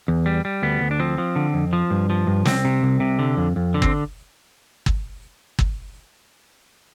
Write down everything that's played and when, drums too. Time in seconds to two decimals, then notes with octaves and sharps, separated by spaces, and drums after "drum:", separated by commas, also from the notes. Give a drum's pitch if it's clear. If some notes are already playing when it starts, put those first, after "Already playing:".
0.08 E2
0.26 G3
0.45 G3
0.62 D2 B3
0.81 D2
0.91 D4
1.00 F3 C4
1.18 F3
1.36 D3
1.54 F2
1.73 F3
1.90 G2
2.10 F3
2.27 G2
2.45 C2 C4, drum: snare
2.65 C3
2.83 C2
3.00 C3
3.19 D3
3.37 F2
3.56 F2
3.74 D3
3.82 C4, drum: kick
4.86 drum: kick
5.59 drum: kick